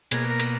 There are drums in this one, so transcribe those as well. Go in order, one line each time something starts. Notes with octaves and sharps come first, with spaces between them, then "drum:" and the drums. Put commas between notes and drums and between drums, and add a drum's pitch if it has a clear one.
B2 A#3 G#4, drum: cymbal
A#4
drum: cymbal